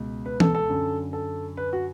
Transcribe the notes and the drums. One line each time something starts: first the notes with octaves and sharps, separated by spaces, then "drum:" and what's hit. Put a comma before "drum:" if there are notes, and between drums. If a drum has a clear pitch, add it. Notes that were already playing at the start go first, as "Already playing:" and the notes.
Already playing: C#2 B2
B4
A4, drum: tom E3
A4
F#2 D3
A4
B4
F#4